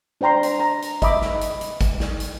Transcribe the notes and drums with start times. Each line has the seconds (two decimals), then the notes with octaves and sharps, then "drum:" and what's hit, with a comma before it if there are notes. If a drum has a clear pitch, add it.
0.21 D4 C5 G5 A#5 C6
0.43 drum: hi-hat
0.59 A#5
0.82 drum: hi-hat
1.02 D#5 E5 B5 D6, drum: kick G#1, hi-hat
1.22 drum: snare
1.41 drum: hi-hat
1.61 drum: hi-hat
1.81 drum: kick G#1, hi-hat
2.00 drum: snare
2.20 drum: hi-hat